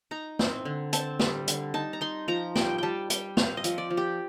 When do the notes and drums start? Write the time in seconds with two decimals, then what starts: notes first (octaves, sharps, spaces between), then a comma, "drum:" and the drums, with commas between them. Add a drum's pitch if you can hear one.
0.11 D#4 A#5
0.39 C4, drum: snare
0.65 D3
0.93 C4 A5, drum: hi-hat
1.19 G3, drum: snare
1.48 D3, drum: hi-hat
1.74 D#4 A5
1.93 A#5
2.01 D#4 C6
2.28 F3 A#5
2.56 G3 G5, drum: snare
2.78 G3 G5 A5
3.10 G3 G5, drum: hi-hat
3.37 C4 F5, drum: snare
3.57 D#5
3.64 F3, drum: hi-hat
3.78 D5
3.90 F3
3.97 G4